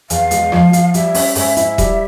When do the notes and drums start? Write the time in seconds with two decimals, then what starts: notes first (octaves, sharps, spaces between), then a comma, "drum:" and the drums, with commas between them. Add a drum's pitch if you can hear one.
0.10 E2 F5, drum: hi-hat
0.31 G#3, drum: hi-hat
0.52 F3, drum: rim click
0.73 F3, drum: hi-hat
0.94 G3 E5, drum: hi-hat
1.15 C#4, drum: open hi-hat
1.35 G#2 E5, drum: open hi-hat
1.57 E4, drum: hi-hat
1.78 G3, drum: kick D#1, hi-hat